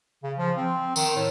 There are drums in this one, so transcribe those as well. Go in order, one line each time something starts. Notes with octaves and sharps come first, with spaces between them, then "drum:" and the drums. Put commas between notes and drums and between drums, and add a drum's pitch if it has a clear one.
C#3
F3
C4
D#3, drum: tambourine
A2